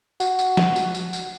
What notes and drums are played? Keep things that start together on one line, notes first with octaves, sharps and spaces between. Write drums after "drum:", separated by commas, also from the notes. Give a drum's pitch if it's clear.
F#4, drum: tambourine
drum: tambourine
drum: snare F3
drum: tambourine
drum: tambourine
drum: tambourine